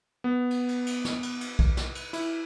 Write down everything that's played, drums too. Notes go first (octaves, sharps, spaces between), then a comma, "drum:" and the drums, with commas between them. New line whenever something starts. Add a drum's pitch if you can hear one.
B3
drum: cymbal
drum: cymbal
drum: cymbal
drum: snare
drum: cymbal
drum: cymbal
drum: kick B1
drum: snare
drum: cymbal
E4, drum: cymbal